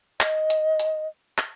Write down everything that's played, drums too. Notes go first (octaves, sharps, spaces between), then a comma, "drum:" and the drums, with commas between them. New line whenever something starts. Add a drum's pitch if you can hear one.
D#5, drum: clap
drum: hi-hat
drum: hi-hat
drum: clap